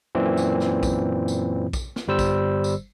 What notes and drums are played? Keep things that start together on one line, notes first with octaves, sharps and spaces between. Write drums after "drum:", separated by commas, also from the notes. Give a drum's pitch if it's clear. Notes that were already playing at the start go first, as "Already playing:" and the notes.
F#2 A#2 E3 C4
drum: tambourine
drum: snare
drum: kick A#1, tambourine
drum: tambourine
drum: kick A#1, tambourine
drum: snare
G1 G3 C5 E6
drum: kick A#1, tambourine
drum: tambourine